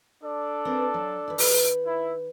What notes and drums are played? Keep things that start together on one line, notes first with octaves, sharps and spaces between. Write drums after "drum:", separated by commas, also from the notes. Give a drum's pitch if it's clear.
D4 A4 D5
C4 A#4 B4
F#3
D#3 B4
drum: open hi-hat
E4